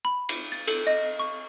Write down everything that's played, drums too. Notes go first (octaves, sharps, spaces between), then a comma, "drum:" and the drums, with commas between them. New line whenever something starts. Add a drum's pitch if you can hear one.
B5
drum: cymbal
A6
A4, drum: cymbal
D#5
C#6